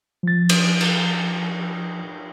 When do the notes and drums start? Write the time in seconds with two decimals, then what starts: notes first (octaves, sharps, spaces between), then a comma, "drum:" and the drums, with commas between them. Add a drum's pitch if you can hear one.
0.23 F3 A6
0.49 drum: cymbal
0.81 drum: cymbal